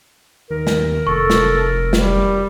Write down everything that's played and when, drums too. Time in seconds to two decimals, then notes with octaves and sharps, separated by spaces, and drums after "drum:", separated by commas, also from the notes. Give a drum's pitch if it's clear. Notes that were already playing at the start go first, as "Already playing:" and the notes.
0.50 D#2 A#4
0.67 drum: snare
1.07 F1 A4 C#6
1.30 drum: snare
1.93 G3, drum: snare